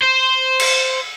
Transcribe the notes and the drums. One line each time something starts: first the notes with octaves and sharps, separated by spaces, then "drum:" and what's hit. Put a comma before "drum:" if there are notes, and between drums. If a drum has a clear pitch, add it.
C5
drum: cymbal